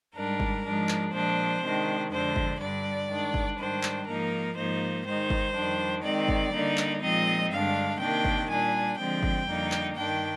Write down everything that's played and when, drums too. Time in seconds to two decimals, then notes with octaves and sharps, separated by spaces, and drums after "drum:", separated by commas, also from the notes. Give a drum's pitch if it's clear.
0.15 G#2 G3 D4 A#4
0.40 drum: kick G1
0.64 G#2 F3 G#3 D4
0.89 drum: clap
1.13 A#2 F3 G#3 D4 C5
1.62 C3 D#3 G#3 D4
2.11 F2 D3 G#3 D4 C5
2.36 drum: kick G1
2.60 G2 D3 G3 D4 D5
3.10 D#3 G#3 D4
3.34 drum: kick G1
3.59 G#2 D#3 G3 D4 C5
3.83 drum: clap
4.07 G#2 F3 A#3 D#4 A#4
4.57 G#2 F3 A#3 D#4 C5
5.05 D#3 G#3 D#4 C5
5.30 drum: kick G1
5.55 F2 D#3 G3 D4
6.04 D#3 G#3 C4 D#4 D5
6.28 drum: kick G1
6.53 D3 G3 A#3 D#4
6.77 drum: clap
7.02 A#2 F3 G#3 C4 D#4 D#5
7.51 G2 D3 G#3 D4 F5
8.00 C3 D#3 A#3 D4 G5
8.25 drum: kick G1
8.49 A#2 G3 D4 G#5
8.98 D3 F3 G#3 C4 G5
9.23 drum: kick G1
9.47 F2 D3 G3 A#3 D#4
9.72 drum: clap
9.96 G2 D#3 G3 D4 G5